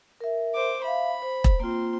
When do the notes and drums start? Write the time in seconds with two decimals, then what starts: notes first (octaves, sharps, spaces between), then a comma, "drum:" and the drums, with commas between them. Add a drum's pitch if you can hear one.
0.20 A#4 E5
0.54 C5 D6
0.84 E5 F5 B5
1.22 C5
1.44 drum: kick E1
1.60 A#3 C4 F4 C6